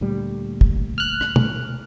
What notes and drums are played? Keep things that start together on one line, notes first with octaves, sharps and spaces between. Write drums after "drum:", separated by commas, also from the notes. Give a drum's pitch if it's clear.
D2 A#2 G3
drum: kick
F6 F#6
drum: rim click
drum: tom B2